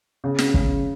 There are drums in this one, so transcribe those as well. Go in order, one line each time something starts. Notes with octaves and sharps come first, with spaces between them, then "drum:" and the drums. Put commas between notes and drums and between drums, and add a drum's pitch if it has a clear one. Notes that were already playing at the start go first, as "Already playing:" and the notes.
C#3
drum: snare
C#3, drum: kick